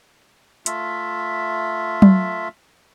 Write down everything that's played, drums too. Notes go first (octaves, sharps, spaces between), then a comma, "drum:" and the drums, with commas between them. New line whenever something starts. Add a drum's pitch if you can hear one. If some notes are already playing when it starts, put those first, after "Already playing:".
A3 F4 E5, drum: hi-hat
drum: tom F#3